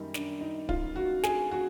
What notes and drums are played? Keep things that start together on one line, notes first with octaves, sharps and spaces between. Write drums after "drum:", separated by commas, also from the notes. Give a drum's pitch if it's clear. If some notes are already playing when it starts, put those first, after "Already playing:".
Already playing: F#2 D#3 G3 A#3 D#4
D4, drum: snare
D#4
F4, drum: kick
F#4
G#4, drum: snare
F#4